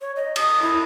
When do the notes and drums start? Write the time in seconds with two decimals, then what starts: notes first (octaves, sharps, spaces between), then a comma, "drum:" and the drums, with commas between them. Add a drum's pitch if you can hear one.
0.01 C#5
0.16 D#5
0.36 D#6, drum: cymbal
0.62 E4